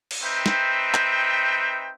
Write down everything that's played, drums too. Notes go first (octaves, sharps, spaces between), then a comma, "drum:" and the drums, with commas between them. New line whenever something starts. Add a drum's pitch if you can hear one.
drum: cymbal
C4 D#4 B4 E5 G5
drum: snare
drum: clap